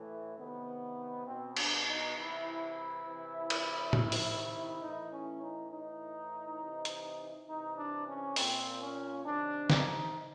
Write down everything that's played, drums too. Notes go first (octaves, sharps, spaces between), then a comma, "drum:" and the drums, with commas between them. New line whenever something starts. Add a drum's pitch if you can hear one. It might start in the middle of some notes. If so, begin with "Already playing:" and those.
Already playing: A2 E3 A3
C3 D#3 B3
B2 C4
D4, drum: cymbal
D#4
C3 E3 E4
C3 E3
drum: cymbal
C3 D#3, drum: tom A2
drum: open hi-hat
A2 E3 D#4
C#4
D#4
A2 E3 D#4
C3 E3
drum: hi-hat
C3 E3 D#4
D4
C#4
A#2 C4, drum: open hi-hat
C#4
C3 D#3 D4
D#4, drum: snare